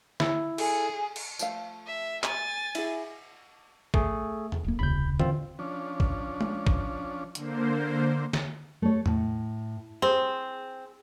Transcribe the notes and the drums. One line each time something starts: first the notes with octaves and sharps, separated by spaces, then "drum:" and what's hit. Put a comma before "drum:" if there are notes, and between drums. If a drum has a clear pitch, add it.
E4, drum: snare
G#4 A4, drum: cymbal
drum: cymbal
F3 A3 F5, drum: tambourine
E5
G#5 A6, drum: clap
E4 G#4, drum: cymbal
A3 G#4, drum: kick
drum: tom E2
D1 A#3
D#1 C2 C#3 B5 G6
A1 C4 F4, drum: tom D3
F3 C#4 D4
drum: kick
drum: tom
drum: kick
D3 A#3 C5, drum: hi-hat
drum: snare
A3 C#5
A2, drum: tom E2
C4 G#4